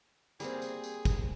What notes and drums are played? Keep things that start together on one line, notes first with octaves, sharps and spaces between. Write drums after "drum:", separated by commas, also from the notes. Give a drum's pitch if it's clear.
G3 A#3 C4 G#4, drum: tambourine
drum: tambourine
drum: tambourine
drum: kick, tambourine